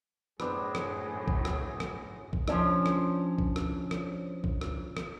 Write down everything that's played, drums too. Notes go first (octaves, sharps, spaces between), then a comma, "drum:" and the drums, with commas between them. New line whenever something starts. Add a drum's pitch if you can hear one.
F#2 A2 B3 D4 G#4 C5, drum: rim click
drum: rim click
drum: kick A#1
drum: rim click
drum: rim click
drum: kick A#1
F3 C#4 D4, drum: rim click
drum: rim click
drum: kick A#1
drum: rim click
drum: rim click
drum: kick A#1
drum: rim click
drum: rim click